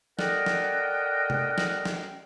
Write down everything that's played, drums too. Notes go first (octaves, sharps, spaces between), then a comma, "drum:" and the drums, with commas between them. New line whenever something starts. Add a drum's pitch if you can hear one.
A4 A#4 D5 D#5 F#5 G5, drum: snare
drum: snare
drum: tom C3
drum: snare
drum: snare